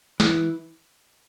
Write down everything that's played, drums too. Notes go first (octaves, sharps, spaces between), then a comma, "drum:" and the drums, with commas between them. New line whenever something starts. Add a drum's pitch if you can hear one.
E3, drum: snare